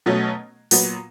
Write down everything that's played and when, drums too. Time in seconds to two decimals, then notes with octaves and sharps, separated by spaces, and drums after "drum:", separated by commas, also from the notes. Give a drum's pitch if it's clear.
0.06 B2 F#3 A3 C#4
0.71 A#2 F#3 B3, drum: open hi-hat